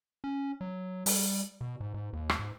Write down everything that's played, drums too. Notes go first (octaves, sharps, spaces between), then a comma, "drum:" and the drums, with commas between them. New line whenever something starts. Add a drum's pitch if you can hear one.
C#4
F#3
G3, drum: open hi-hat
B2
G#2
G#2
D#2
drum: rim click
G#2